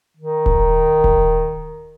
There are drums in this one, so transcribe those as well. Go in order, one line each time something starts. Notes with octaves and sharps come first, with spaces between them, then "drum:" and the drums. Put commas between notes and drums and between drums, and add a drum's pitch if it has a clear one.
D#3
drum: kick D#1
drum: kick D#1